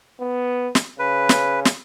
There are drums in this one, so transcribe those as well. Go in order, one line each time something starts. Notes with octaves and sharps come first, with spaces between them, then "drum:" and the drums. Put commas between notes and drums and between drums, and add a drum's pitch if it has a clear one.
B3
drum: snare
C#3 B4
drum: snare
drum: snare